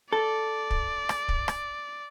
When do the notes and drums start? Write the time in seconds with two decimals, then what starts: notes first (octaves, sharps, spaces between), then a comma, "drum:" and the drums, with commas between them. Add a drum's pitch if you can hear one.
0.13 A4 D5
0.71 drum: kick
1.09 drum: rim click
1.29 drum: kick
1.48 drum: rim click